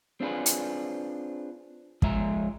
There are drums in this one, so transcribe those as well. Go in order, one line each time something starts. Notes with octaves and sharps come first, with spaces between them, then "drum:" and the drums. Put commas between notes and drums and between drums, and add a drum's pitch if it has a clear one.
C4 D4 F4 G#4 B4
drum: hi-hat
F3 G#3 G#4 E5 A#5, drum: kick